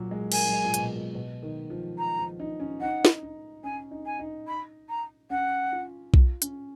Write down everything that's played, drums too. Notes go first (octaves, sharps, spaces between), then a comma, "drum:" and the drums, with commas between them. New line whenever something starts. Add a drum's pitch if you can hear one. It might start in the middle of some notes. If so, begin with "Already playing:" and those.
Already playing: A#2 F#3
G#3
A#3 G#5, drum: cymbal
F#3
G#3
A#2
B2, drum: hi-hat
A#2
B2
D#3
F3
A#5
F3
D#4
C#4
D#4 F#5
drum: snare
D#4
C#4 G#5
D#4
G#5
D#4
B5
A#5
C#4 F#5
F4
F4, drum: kick B1
C#4, drum: hi-hat